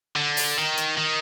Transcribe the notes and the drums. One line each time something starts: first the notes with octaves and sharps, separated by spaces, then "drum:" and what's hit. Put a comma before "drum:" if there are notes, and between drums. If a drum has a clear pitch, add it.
D3
drum: open hi-hat
D#3
drum: hi-hat
D#3